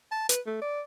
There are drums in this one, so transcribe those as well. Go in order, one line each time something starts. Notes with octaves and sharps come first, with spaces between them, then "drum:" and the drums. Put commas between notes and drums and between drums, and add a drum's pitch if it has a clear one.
A5
B4, drum: hi-hat
A3
D5